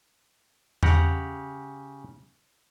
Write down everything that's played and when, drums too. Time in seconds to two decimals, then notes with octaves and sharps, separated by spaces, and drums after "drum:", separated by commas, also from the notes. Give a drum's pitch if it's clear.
0.83 C#3 G4 F#5 A#5, drum: tom E2